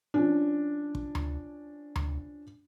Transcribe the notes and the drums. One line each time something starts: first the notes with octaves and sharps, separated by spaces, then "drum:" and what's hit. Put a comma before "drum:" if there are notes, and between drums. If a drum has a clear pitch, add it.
F3 C#4 D4
drum: kick
drum: tom D2
drum: tom D2